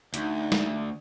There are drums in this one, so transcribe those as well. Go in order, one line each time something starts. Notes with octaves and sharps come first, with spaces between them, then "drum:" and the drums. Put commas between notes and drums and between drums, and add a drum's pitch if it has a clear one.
D2 D#4, drum: hi-hat
drum: snare